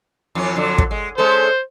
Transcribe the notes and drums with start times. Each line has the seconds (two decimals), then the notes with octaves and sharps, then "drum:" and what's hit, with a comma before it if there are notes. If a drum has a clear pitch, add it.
0.35 F2 E3 C#4
0.56 F2 D3 F#3
0.78 drum: kick
0.91 G#3
1.18 G#3 C#4 A4 C5